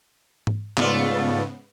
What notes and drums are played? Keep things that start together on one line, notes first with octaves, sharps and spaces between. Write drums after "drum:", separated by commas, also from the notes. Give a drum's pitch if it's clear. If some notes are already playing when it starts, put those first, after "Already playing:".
drum: tom G#2
G#2 C#3 A3 B3 F4 D5, drum: clap